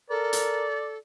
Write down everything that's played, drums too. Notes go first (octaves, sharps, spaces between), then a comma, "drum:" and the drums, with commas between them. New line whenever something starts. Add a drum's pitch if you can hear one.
A4 A#4 D5
drum: hi-hat